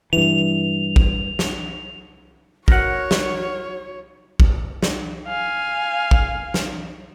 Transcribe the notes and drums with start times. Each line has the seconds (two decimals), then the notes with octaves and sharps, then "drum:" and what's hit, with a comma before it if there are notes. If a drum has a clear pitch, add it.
0.13 G2 E3 F7
0.96 drum: kick
1.39 drum: snare
2.68 F#4 A#4 C#5 F#5, drum: kick
3.11 drum: snare
4.40 drum: kick
4.83 drum: snare
5.28 F5 G#5
6.11 drum: kick
6.54 drum: snare